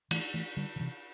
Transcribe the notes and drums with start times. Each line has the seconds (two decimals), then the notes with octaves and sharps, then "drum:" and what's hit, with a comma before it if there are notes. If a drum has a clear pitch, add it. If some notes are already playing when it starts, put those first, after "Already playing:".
0.11 E3 A3, drum: cymbal
0.34 E3 A3
0.57 D3 G3
0.76 D3
0.80 C3 E3